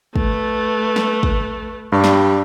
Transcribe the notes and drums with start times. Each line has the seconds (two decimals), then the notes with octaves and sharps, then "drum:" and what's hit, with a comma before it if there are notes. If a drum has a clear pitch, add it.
0.16 A3 B4, drum: kick
0.96 drum: snare
1.23 drum: kick
1.92 G2 G3
2.04 drum: snare